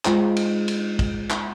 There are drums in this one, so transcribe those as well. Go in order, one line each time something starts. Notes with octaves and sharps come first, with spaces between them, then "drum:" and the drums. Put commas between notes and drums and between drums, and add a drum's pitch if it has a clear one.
G#3 F4 C5, drum: clap
drum: cymbal
drum: cymbal
drum: kick, cymbal
drum: clap